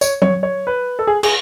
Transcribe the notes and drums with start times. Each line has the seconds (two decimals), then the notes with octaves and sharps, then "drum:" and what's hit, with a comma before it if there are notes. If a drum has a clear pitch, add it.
0.01 C#5, drum: tambourine
0.22 C#5, drum: tom F#3
0.43 C#5
0.67 B4
0.99 A4
1.07 G#4
1.23 G#4, drum: cymbal